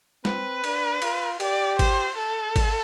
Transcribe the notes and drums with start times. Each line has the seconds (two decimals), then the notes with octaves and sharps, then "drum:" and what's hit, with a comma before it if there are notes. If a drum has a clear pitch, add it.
0.25 C4 B4, drum: snare
0.64 D4, drum: cymbal
1.02 F4, drum: cymbal
1.40 G4 D5, drum: cymbal
1.79 C5, drum: kick G#1, cymbal
2.17 A4
2.56 drum: kick G#1, cymbal